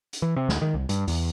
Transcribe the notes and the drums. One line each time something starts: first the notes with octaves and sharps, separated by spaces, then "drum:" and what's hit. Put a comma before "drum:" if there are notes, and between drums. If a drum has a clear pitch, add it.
drum: hi-hat
E3
C3
D2, drum: snare
D#3
C2
G2, drum: hi-hat
E2, drum: open hi-hat